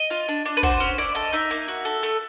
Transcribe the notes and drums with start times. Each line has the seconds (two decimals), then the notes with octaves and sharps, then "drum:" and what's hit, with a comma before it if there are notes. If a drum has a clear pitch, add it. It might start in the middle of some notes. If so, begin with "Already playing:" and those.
Already playing: D#5
0.10 F4
0.28 D4
0.45 D4
0.57 B4
0.63 F#4 C5, drum: kick
0.80 C#4
0.98 E4 D5
1.15 A4 D#5
1.33 D#4 E5
1.50 A#3
1.68 F#4
1.85 A4
2.03 A3